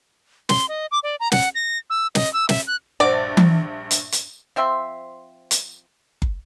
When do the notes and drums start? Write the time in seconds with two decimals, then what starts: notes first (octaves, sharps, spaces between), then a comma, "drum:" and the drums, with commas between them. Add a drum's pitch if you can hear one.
0.49 C6, drum: snare
0.69 D#5
0.92 D6
1.03 D5
1.20 A#5
1.32 F#5, drum: snare
1.55 A#6
1.90 E6
2.15 D#5, drum: snare
2.33 E6
2.49 E5, drum: snare
2.67 F#6
3.00 A#1 G2 C5 D5 F#5
3.37 drum: tom E3
3.91 drum: hi-hat
4.12 drum: hi-hat
4.56 F3 C4 E5 C6
5.51 drum: hi-hat
6.22 drum: kick G1